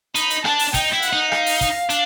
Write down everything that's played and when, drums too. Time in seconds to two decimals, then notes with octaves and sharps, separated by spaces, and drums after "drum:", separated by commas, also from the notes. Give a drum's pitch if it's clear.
0.15 D#4 B5, drum: hi-hat
0.30 drum: hi-hat
0.45 D4 A5, drum: rim click
0.59 drum: open hi-hat
0.74 D#4 G5, drum: kick, hi-hat
0.93 E4
1.02 F#5, drum: hi-hat
1.13 D#4
1.32 F5, drum: rim click
1.46 drum: open hi-hat
1.61 drum: kick, hi-hat
1.90 D4, drum: hi-hat